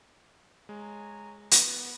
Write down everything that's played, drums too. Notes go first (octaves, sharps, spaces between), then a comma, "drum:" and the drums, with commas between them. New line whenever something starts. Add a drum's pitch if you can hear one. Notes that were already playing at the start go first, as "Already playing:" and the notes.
G#3 C#5 G#5 A#5
B3, drum: hi-hat